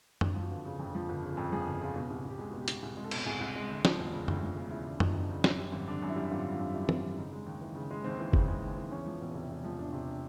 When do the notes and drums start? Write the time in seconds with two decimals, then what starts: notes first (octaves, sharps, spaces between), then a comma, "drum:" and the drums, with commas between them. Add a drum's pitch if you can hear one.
0.21 F2 D4, drum: tom F#2
0.34 F3 F4
0.43 F#4
0.51 G1
0.65 C#3
0.79 F2
0.95 F3
1.09 G1
1.23 C#3
1.37 F2
1.52 F3 G#4
1.67 G1
1.74 G#4
1.82 C#3 F4
1.95 B2 F#4
2.10 C2 G4
2.18 G#4
2.25 C2 G4
2.39 G#3 G#4
2.50 B2 F#4
2.61 G4
2.68 C2, drum: hi-hat
2.82 C2 G#4
2.97 G#3
3.04 A4
3.11 B2, drum: cymbal
3.26 C2 G#4
3.40 C2
3.56 G#3
3.70 D2
3.85 F3, drum: snare
3.99 E1
4.13 C#3
4.28 D2, drum: tom F#2
4.43 F3
4.56 E1
4.71 C#3 E4
4.85 D2 D4
5.00 F3 D#4, drum: tom F#2
5.14 E1
5.30 C#3
5.44 F#2, drum: snare
5.58 G3
5.72 G#1
5.87 D3 D4
6.02 F#2
6.09 E4
6.16 G3
6.31 G#1 F4
6.45 D3
6.52 F4
6.60 F#2
6.74 G3 E4
6.89 G#1, drum: tom
7.03 D3
7.17 C#3 D#4
7.32 G#3
7.46 D#2
7.61 E3
7.75 C#3
7.91 G#3
8.04 D#2 C4
8.19 E3
8.33 C#3, drum: kick F#1
8.48 G#3
8.63 D#2
8.77 E3
8.91 E2 C#4
9.06 F3
9.21 E1
9.35 C3
9.50 E2
9.64 F3
9.78 E1 D4
9.93 C3